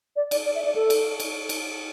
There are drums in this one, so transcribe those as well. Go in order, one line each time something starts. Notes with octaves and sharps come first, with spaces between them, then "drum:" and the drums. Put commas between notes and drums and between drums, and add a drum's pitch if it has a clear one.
D5
D5, drum: cymbal
D5
E5
D5
A4
drum: cymbal
drum: cymbal
drum: cymbal